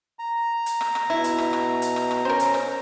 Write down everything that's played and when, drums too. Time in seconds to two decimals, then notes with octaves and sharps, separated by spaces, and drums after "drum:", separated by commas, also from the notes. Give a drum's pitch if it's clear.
0.19 A#5
0.66 drum: hi-hat
0.81 drum: rim click
0.95 drum: rim click
1.10 B2 E4
1.24 drum: hi-hat
1.38 drum: rim click
1.53 drum: rim click
1.82 drum: hi-hat
1.96 drum: rim click
2.11 drum: rim click
2.25 C#4 A#4 C5
2.40 drum: hi-hat
2.54 drum: rim click